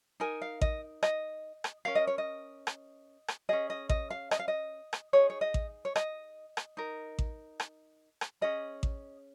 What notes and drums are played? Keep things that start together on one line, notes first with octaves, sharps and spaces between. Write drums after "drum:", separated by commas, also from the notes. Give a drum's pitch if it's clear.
D#4 A#4 G#5
F5
D#5, drum: kick A1
D#5, drum: rim click
drum: rim click
C#4 A#4 F5
D#5
C#5
D#5
drum: rim click
drum: rim click
C#4 G#4 D#5
D#5
D#5, drum: kick A1
F5
D#5, drum: rim click
F5
D#5
drum: rim click
D#4 G#4 C#5
C#5
D#5
drum: kick A1
C#5
D#5, drum: rim click
drum: rim click
D#4 A#4
drum: kick A1
drum: rim click
drum: rim click
C#4 G#4 D#5
drum: kick A1